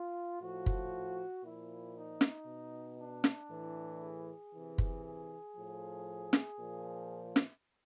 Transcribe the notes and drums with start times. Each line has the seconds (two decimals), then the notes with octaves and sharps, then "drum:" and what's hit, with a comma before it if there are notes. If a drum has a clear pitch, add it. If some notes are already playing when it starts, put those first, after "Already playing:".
Already playing: F4
0.40 A2 F3 F#4
0.66 drum: kick
1.43 A#2 F3 E4
1.95 D#4
2.21 drum: snare
2.46 B2
2.98 D4
3.24 drum: snare
3.49 A2 E3
4.00 G#4
4.53 C3 E3
4.78 drum: kick
5.04 G#4
5.56 A2 F3
6.33 drum: snare
6.59 A#2 F3
7.36 drum: snare